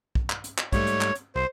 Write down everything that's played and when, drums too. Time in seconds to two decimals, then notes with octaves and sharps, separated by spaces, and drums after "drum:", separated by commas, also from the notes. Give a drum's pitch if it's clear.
0.15 drum: kick
0.30 drum: clap
0.44 drum: hi-hat
0.58 drum: clap
0.72 G#2 G3 A3 C#5, drum: kick, hi-hat
0.87 drum: hi-hat
1.01 drum: clap
1.15 drum: hi-hat
1.35 C2 C5